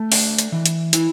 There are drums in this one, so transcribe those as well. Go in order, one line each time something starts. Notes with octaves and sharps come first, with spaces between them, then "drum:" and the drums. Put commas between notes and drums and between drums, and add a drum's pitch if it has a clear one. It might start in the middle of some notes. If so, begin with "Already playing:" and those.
Already playing: A3
D4, drum: open hi-hat
drum: hi-hat
E3
drum: hi-hat
E4, drum: hi-hat